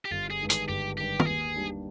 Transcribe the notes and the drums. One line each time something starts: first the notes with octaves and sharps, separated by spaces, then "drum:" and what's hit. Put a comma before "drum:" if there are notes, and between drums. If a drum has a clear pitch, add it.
G4
G1 F4
G#4
G2 D#3 G#3
G#4, drum: hi-hat
G1 G4
G2 D#3 G#3 G4
A#4, drum: tom
D#2 G#4
D#3 G3 D4 G4